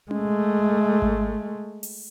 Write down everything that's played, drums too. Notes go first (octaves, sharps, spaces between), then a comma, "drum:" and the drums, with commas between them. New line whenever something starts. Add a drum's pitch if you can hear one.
G#3 A3, drum: tom C#4
drum: kick G#1
drum: open hi-hat